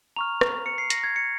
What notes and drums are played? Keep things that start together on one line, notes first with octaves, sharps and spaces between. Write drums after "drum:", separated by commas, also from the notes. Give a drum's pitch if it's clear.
A#5 C#6 F6 F7
drum: rim click
C#7
C7
A#6, drum: hi-hat
G#6
C#7